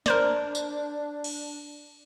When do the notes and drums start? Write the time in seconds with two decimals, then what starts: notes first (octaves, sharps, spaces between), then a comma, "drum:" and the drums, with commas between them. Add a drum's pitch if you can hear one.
0.06 D4 A#4 C5 D5, drum: snare
0.55 drum: tambourine
1.24 drum: cymbal